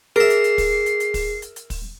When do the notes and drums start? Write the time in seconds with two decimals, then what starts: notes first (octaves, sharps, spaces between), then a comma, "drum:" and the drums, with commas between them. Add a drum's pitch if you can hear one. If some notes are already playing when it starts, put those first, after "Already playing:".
0.16 G#4 A#4 E5 C7
0.30 drum: hi-hat
0.44 drum: hi-hat
0.58 drum: kick, open hi-hat
0.86 drum: hi-hat
1.00 drum: hi-hat
1.14 drum: kick, open hi-hat
1.42 drum: hi-hat
1.56 drum: hi-hat
1.70 drum: kick, open hi-hat